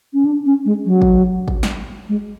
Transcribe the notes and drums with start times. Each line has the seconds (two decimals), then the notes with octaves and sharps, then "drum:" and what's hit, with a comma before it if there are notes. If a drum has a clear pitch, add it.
0.14 C#4
0.25 D4
0.46 C#4
0.65 G#3
0.86 F#3
1.02 drum: kick
1.48 drum: kick
1.63 drum: snare
2.09 G#3